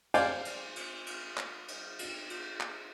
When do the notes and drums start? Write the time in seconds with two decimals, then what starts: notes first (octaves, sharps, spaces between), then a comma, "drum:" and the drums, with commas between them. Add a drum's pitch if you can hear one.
0.14 C5 D5 F5 G5 G#5, drum: cymbal
0.45 drum: cymbal
0.76 drum: cymbal
1.07 drum: cymbal
1.37 drum: clap
1.68 drum: cymbal
1.99 drum: cymbal
2.30 drum: cymbal
2.60 drum: clap